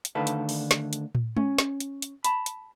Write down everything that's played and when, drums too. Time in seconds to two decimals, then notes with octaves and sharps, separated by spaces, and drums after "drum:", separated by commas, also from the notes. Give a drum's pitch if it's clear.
0.05 drum: hi-hat
0.15 D2 D3 D#3 A4 B4 F5
0.27 drum: hi-hat
0.49 drum: open hi-hat
0.71 drum: snare
0.93 drum: hi-hat
1.15 drum: tom
1.37 C#4, drum: tom
1.58 drum: snare
1.80 drum: hi-hat
2.02 drum: hi-hat
2.24 A5 B5, drum: hi-hat
2.46 drum: hi-hat